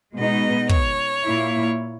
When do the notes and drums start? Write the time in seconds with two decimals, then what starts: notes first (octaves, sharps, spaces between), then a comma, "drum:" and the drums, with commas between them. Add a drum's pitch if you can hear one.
0.16 B2 G#3 B3 D#4 D#5
0.69 C#5, drum: kick
1.23 A#2 A#3 E4